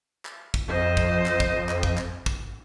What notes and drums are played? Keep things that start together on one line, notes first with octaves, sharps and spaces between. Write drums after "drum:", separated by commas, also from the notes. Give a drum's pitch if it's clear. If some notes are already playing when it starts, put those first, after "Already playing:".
drum: clap
drum: kick
F2 C5 D#5
drum: kick
drum: clap
drum: kick
drum: clap
drum: kick
drum: clap
drum: kick